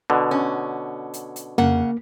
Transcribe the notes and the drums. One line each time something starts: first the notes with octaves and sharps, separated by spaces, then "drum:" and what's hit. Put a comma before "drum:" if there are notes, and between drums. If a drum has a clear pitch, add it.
B2 D3
C#4
drum: hi-hat
drum: hi-hat
C#3 A#3 F#5, drum: tom F2